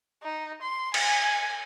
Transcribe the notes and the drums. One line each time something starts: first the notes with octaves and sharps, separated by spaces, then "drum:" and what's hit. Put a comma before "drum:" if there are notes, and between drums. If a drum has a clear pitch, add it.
D#4
C6
G#5, drum: cymbal